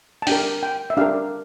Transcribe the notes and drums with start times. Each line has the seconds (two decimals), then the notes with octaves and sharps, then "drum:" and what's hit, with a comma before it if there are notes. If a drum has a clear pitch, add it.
0.22 A5
0.27 D4 G4 A#4 G5, drum: open hi-hat
0.63 G5
0.90 E5
0.97 D4 G4 A#4 F5